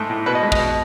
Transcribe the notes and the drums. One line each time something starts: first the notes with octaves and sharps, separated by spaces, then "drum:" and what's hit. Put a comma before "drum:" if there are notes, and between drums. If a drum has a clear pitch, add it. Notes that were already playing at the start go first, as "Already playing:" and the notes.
Already playing: G#2 A3
A2
B2 B4
D#5
G#3
D#5, drum: kick
B2